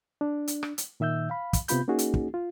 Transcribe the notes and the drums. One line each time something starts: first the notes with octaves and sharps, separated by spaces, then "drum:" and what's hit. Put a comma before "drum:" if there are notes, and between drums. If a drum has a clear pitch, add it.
D4
drum: hi-hat
drum: rim click
drum: hi-hat
A#2 D#3 E5 E6 G6
F5 B5
drum: kick, hi-hat
C3 B3 F4 B5 G6, drum: hi-hat
A#3 C#4 D#4 F#4 G#4
drum: hi-hat
drum: kick
F4